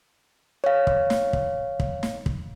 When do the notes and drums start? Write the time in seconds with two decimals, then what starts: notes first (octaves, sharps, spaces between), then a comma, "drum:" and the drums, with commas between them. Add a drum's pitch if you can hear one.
0.64 C#5 F5
0.87 drum: kick
1.10 drum: snare
1.33 drum: kick
1.80 drum: kick
2.03 drum: snare
2.26 drum: kick